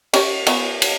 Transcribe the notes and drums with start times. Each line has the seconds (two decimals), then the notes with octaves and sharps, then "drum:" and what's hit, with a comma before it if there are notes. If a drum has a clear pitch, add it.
0.13 C#4 G4 C#5, drum: cymbal
0.47 B3 C#4 F4, drum: cymbal
0.82 drum: cymbal